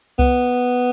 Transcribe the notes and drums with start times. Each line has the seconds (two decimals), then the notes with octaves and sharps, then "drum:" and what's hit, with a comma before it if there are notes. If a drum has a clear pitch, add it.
0.19 B3, drum: kick C2